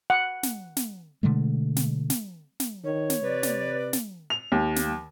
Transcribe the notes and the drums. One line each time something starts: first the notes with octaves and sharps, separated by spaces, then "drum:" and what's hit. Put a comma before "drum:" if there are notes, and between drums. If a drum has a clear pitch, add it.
F#5
drum: snare
drum: snare
B2 D3 G#3 A3
drum: snare
drum: snare
drum: snare
D#3 C#5
drum: snare
C3 B4 D5
drum: snare
drum: snare
F7
D#2
drum: snare